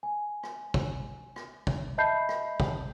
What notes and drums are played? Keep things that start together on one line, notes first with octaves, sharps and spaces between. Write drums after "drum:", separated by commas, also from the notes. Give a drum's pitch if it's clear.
G#5
drum: rim click
drum: kick
drum: rim click
drum: kick
D#5 E5 A5 B5 G6 C7
drum: rim click
drum: kick